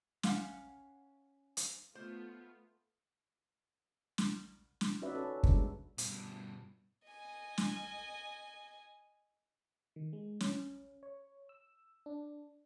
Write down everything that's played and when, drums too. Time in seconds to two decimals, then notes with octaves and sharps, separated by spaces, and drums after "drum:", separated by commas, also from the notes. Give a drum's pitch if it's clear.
0.23 C#4 F5 F#5, drum: snare
1.57 drum: hi-hat
1.95 A3 B3 F4 C5
4.18 drum: snare
4.81 drum: snare
5.01 C#4 D#4 F#4 B4 D5 E5
5.14 C#4 F#4 A4
5.43 G3 G#3 B3 D4, drum: kick
5.98 G2 B2, drum: hi-hat
7.08 D#5 G#5
7.58 drum: snare
9.96 D#3
10.13 G#3
10.40 C#4, drum: snare
11.03 C#5
11.49 E6
12.06 D4